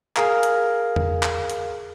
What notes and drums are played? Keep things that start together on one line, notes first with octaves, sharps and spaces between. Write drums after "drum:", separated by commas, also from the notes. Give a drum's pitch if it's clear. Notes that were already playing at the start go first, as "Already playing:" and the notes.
G#4 A#4 F5, drum: clap
drum: hi-hat
drum: tom E2
drum: clap
drum: hi-hat